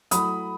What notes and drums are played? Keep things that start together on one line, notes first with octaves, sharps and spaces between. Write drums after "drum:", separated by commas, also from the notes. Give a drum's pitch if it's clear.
F#3 A3 E4 B5 D#6, drum: hi-hat